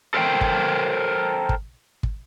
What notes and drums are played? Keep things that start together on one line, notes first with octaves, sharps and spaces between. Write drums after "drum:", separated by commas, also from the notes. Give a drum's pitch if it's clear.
A4 A#4 C5 F5 G5
drum: kick
drum: kick
drum: kick